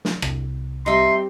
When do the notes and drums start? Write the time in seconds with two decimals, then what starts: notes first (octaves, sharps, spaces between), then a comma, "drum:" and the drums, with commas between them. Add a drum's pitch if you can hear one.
0.05 drum: snare
0.22 C2, drum: rim click
0.86 G3 C4 D#4 E5 C6